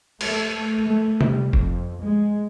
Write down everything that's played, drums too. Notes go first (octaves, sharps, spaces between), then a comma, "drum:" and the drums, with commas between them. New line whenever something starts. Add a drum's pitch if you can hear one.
A3, drum: cymbal
A3
G3, drum: tom C3
F2, drum: kick F#1
G#3